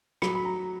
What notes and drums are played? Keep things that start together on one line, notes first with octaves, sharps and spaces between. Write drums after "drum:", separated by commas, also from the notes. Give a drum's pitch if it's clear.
F#3 B5, drum: rim click
B5
A#5